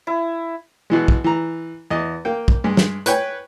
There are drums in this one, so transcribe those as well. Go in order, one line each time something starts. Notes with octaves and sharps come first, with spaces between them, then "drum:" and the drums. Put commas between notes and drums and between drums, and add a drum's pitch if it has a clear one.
E4
B2 E3 G#3
drum: kick
E3 A#5
E2 D#5
A#3 G5
drum: kick
G2 G#3
drum: snare
B4 C#5 G5 G#5, drum: hi-hat